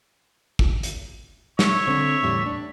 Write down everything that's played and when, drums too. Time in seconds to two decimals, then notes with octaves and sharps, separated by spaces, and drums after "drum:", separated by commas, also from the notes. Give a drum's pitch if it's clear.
0.59 drum: kick
0.83 drum: hi-hat
1.59 C#5 E5, drum: snare
1.87 D3 C4
2.22 E2 A2 G3
2.46 D4